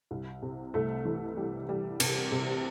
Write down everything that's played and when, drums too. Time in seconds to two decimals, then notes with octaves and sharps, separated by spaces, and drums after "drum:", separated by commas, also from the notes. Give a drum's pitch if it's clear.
0.11 C2
0.42 C3
0.74 C2 A3
1.05 E3 A3
1.37 G3
1.69 G3
2.00 C3, drum: cymbal
2.32 C3